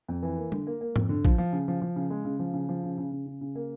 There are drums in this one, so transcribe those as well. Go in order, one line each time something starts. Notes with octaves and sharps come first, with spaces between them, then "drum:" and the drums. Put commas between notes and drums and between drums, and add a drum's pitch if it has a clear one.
F2
E3
A#3
D3, drum: tom G3
A#3
A#3
F2, drum: tom G#2
D3
F3, drum: kick
F3
C#3
F3
F3
C#3
G#3
C#3
F3
C#3
F3
C#3
C#3
C#3
C#3
C#3
A#3